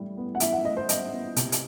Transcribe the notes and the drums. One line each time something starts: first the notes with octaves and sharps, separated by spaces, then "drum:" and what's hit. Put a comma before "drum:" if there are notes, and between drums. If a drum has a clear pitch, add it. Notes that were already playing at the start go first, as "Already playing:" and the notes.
Already playing: A2 E3 G3
B3
F#5
E3 E5, drum: hi-hat
F#5
A2 D#5
C5
G3 D#5, drum: hi-hat
B3
C3, drum: hi-hat
drum: hi-hat